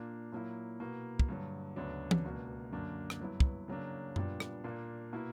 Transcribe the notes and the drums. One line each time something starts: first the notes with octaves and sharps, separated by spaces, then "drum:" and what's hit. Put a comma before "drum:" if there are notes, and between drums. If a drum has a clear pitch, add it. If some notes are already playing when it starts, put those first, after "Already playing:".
Already playing: A#2 A#3 D4
A#2 F#3 A#3 E4
B2 A#3 E4
drum: kick
G2 D3 F#3
D2 C#3 F#3 B3 D4
drum: tom
C#2 B2 A#3 D4
F#2 D3 A#3 D4
drum: rim click
G2 F#3 B3 E4
drum: kick
C#3 F#3 A#3 D4
A#2 G3 B3 D4, drum: tom F#2
drum: rim click
A#2 A#3 D4
B2 A#3 E4